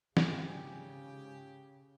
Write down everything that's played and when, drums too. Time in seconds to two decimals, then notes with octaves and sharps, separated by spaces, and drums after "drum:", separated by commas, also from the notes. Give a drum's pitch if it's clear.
0.17 G#2 C#3 F4 G4 G#5, drum: snare